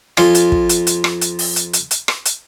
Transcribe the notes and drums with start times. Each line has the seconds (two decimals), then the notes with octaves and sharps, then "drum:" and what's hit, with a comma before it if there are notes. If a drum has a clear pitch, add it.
0.17 F2 F4 G#5, drum: rim click
0.35 drum: hi-hat
0.52 drum: kick
0.69 drum: hi-hat
0.87 drum: hi-hat
1.04 drum: rim click
1.21 drum: hi-hat
1.39 drum: open hi-hat
1.56 drum: hi-hat
1.73 drum: hi-hat
1.91 drum: hi-hat
2.08 drum: rim click
2.25 drum: hi-hat